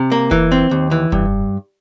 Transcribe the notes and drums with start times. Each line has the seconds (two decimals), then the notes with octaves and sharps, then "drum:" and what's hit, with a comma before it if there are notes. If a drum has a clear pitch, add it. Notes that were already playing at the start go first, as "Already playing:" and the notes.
Already playing: C3
0.12 A#3
0.31 E3, drum: kick F1
0.52 C4
0.71 D#2
0.91 E3
1.12 G2, drum: kick F1